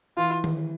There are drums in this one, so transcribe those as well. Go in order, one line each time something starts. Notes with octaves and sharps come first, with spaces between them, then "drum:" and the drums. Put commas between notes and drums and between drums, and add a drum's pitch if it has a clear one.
E3 F4
drum: tom D#3